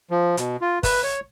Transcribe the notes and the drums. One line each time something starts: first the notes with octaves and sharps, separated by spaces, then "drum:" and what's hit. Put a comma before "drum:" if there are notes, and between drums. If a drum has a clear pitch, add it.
F3
B2, drum: hi-hat
F4
B4, drum: kick, open hi-hat
C#5